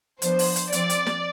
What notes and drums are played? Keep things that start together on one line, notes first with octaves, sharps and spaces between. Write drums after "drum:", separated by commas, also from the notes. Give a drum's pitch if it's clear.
F3 B3 D4 C5, drum: hi-hat
drum: open hi-hat
drum: hi-hat
F3 C4 D5, drum: hi-hat
drum: hi-hat
drum: snare